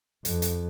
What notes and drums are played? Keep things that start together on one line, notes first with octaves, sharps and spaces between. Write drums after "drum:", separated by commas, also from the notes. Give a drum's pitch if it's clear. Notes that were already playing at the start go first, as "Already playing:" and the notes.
F2, drum: hi-hat
drum: hi-hat